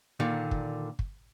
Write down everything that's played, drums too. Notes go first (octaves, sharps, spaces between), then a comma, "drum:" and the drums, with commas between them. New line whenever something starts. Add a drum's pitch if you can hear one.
A#2 D3 D#3
drum: kick
drum: kick